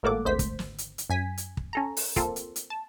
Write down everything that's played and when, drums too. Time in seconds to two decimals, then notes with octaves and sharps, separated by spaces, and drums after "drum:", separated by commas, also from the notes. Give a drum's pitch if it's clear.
0.03 G#1 A2 A#3 A4 F#5 D6
0.25 G#1 D2 C5 B6
0.39 drum: kick, hi-hat
0.59 drum: snare
0.78 drum: hi-hat
0.98 drum: hi-hat
1.10 F#2 G#5 B6
1.38 drum: hi-hat
1.57 drum: kick
1.73 C#4 A4 A#5
1.97 drum: open hi-hat
2.16 A#3 C4 F4 A4, drum: kick, hi-hat
2.36 drum: hi-hat
2.56 drum: hi-hat
2.70 A5